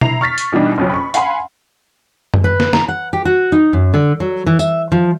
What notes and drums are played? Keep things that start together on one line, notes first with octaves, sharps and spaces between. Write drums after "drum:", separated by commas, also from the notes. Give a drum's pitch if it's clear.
E4 A#5 C7 F7, drum: tom B2
C#6 F6 A6 B6
drum: hi-hat
B2 E3 G3 D4 D#4
F#1 F2 F#3
B5 C#6
F5 F#5 G#5 B5 C6, drum: hi-hat
drum: tom F#2
B4
drum: snare
A#5, drum: snare
F#5
G4
F#4
D#4
F#2
D3
F#3
E3
E5, drum: tambourine
F3